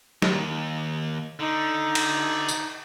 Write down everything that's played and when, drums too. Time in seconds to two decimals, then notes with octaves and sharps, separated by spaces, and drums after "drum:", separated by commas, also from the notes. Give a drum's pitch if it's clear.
0.22 D#2, drum: snare
1.39 D3 D#4
1.95 drum: cymbal
2.48 drum: tambourine